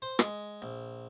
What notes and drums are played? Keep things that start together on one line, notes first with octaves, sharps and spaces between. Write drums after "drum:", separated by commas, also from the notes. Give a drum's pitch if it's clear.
C5
G#3, drum: rim click
A#1